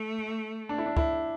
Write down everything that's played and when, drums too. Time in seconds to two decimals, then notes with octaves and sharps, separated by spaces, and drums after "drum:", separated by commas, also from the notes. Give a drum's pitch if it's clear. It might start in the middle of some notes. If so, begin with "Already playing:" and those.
Already playing: A3
0.69 D4
0.78 E4
0.86 D4
0.97 E4, drum: kick C#2